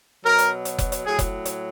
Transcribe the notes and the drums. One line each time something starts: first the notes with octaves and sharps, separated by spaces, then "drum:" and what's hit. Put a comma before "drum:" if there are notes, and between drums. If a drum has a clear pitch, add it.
B2 F#3 A#4
drum: hi-hat
drum: hi-hat
drum: kick F1, hi-hat
drum: hi-hat
A2 F#3 G#4
drum: kick F1, hi-hat
drum: hi-hat